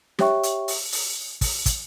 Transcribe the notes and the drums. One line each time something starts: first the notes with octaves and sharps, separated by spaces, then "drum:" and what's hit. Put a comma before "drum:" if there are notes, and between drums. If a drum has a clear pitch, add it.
G4 C#5 E5 G5 C#6, drum: snare
drum: hi-hat
drum: open hi-hat
drum: open hi-hat
drum: kick, open hi-hat
drum: kick, hi-hat